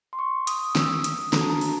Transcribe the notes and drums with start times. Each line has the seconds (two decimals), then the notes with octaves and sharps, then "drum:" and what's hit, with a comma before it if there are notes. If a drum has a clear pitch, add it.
0.13 C6
0.19 C#6
0.47 D#6, drum: hi-hat
0.75 E6, drum: snare
1.04 D#6, drum: hi-hat
1.33 D4 F#4 A4 A#5, drum: snare
1.41 A5
1.50 A#5
1.61 drum: open hi-hat